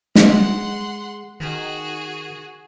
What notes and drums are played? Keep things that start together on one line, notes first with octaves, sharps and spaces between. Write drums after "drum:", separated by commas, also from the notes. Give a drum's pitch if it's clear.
G#3 F#5 C6, drum: snare
D#3 F#4 G#4